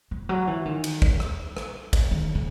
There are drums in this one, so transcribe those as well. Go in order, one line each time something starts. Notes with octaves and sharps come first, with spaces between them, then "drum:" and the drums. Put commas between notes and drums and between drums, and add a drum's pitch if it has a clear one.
E3
F#3
E3
D#3
drum: cymbal
E2, drum: kick
drum: rim click
drum: rim click
drum: kick, cymbal
D#3
C#3